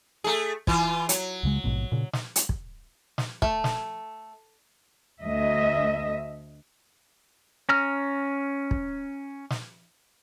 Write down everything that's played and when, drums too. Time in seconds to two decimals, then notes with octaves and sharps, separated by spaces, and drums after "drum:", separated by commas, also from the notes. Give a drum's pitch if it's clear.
0.24 A3 G#4
0.67 E3 F4, drum: kick
1.09 F#3, drum: hi-hat
1.43 C#2 C#3 G#3
1.64 A#1 G#2 B2
1.92 A#2 C#3
2.13 drum: snare
2.36 drum: hi-hat
2.49 drum: kick
3.18 drum: snare
3.42 A3, drum: kick
3.64 drum: snare
5.23 D2 D#5 E5
7.69 C#4 A#5 F6
8.71 drum: kick
9.50 drum: snare